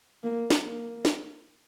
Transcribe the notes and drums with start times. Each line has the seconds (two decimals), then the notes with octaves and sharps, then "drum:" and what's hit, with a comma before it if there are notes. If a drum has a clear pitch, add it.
0.24 A#3
0.50 drum: snare
0.64 A#3
1.05 drum: snare